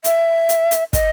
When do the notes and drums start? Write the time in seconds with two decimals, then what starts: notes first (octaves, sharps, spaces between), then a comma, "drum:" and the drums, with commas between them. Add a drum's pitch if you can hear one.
0.04 E5, drum: hi-hat
0.49 drum: hi-hat
0.71 drum: hi-hat
0.93 D#5, drum: kick, hi-hat